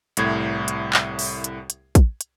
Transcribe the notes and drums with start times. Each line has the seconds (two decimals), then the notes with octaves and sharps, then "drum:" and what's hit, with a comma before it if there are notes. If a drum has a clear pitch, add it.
0.17 C2 A2 G#6, drum: hi-hat
0.68 drum: hi-hat
0.93 drum: clap
1.19 drum: open hi-hat
1.44 drum: hi-hat
1.70 drum: hi-hat
1.95 drum: kick, hi-hat
2.21 drum: hi-hat